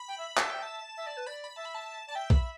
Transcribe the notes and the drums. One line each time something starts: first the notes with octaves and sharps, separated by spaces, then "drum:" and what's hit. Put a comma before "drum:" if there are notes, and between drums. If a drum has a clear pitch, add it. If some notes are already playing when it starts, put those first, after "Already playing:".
Already playing: B5
G5
E5
E5 A5, drum: clap
G5
A5
E5
D5
B4
D5 B5
B5
E5 A5
B5
A5
D5 A5
E5 G5
B5, drum: kick A#1